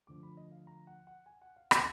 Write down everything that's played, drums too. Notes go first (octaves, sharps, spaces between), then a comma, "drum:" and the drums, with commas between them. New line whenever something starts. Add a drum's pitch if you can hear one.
D2 D3 F3 D6
B5
D#5
F5
A#5
F#5
F#5
G#5
F#5
F5
F5, drum: rim click